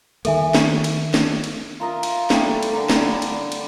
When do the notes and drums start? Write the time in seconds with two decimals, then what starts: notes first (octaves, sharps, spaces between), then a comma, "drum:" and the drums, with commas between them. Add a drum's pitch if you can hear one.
0.25 D#3 G3 A#3 A4 E5 G#5, drum: cymbal
0.55 drum: snare
0.84 drum: cymbal
1.14 drum: snare
1.44 drum: cymbal
1.80 F4 A#4 D#5 E5
2.03 drum: cymbal
2.30 G3 A3 E4 A4, drum: snare
2.63 drum: cymbal
2.73 D3 A#4
2.90 F#5 A5 B5, drum: snare
3.13 G3
3.22 drum: cymbal
3.52 drum: cymbal